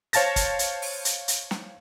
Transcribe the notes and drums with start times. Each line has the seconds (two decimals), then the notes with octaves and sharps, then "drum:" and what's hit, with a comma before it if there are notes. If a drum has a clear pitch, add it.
0.13 C5 C#5 F5 A5 A6 A#6, drum: hi-hat
0.36 drum: kick, hi-hat
0.59 drum: hi-hat
0.82 drum: open hi-hat
1.05 drum: hi-hat
1.28 drum: hi-hat
1.51 drum: snare